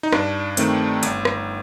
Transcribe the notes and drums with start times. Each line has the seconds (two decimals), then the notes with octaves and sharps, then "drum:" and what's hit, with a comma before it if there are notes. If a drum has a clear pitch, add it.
0.03 D#4
0.12 G2 D4, drum: rim click
0.57 D#3 A3 C4, drum: hi-hat
1.03 G1, drum: hi-hat
1.25 drum: rim click